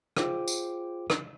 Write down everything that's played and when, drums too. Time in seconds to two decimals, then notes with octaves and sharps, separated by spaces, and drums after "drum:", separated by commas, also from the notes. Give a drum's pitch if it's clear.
0.17 F4 G#4 C5 G5 D6, drum: rim click
0.48 drum: tambourine
1.10 drum: rim click